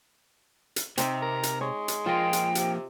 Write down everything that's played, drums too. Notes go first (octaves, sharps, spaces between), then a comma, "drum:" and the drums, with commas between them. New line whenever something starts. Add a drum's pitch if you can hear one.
drum: hi-hat
C3 C4 D#4 E5, drum: hi-hat
A#4
drum: hi-hat
G#3 C#5
drum: hi-hat
F3 A#3 F4 D#5 G5
drum: hi-hat
C3, drum: hi-hat